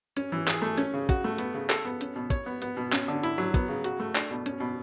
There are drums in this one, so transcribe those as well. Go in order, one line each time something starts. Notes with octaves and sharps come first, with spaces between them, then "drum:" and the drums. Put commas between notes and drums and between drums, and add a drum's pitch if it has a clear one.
C#4, drum: hi-hat
E3
G#4, drum: clap
A3
C#4, drum: hi-hat
C#3
F#4, drum: kick, hi-hat
A3
B3, drum: hi-hat
C#3
A4, drum: clap
B3
C#4, drum: hi-hat
B2
C#5, drum: kick, hi-hat
B3
B3, drum: hi-hat
B2
C#4, drum: clap
D3
E4, drum: hi-hat
F#3
B3, drum: kick, hi-hat
C#3
F#4, drum: hi-hat
A3
D4, drum: clap
B2
C#4, drum: hi-hat
B2